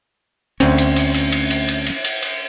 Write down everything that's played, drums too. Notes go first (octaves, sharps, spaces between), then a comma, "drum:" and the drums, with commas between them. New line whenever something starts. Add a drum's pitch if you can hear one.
D2 C4 C#4, drum: cymbal
drum: cymbal
drum: cymbal
drum: cymbal
drum: cymbal
drum: cymbal
drum: cymbal
drum: cymbal
drum: cymbal
drum: cymbal